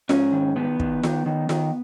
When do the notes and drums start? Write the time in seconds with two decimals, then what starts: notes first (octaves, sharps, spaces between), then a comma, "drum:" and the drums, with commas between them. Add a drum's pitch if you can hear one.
0.09 G#2 C#4, drum: snare F4
0.32 D#3
0.56 D#3 B3
0.80 D#3, drum: kick
1.03 D#3, drum: snare F4
1.26 D#3
1.49 D#3, drum: snare F4